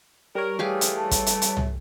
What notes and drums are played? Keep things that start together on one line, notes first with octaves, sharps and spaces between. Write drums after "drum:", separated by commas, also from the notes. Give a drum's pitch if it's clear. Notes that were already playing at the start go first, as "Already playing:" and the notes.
G3 A#4 C#5
E3 A3 G4 G#4 F5
drum: hi-hat
A5
drum: kick, hi-hat
drum: hi-hat
drum: hi-hat
drum: tom C2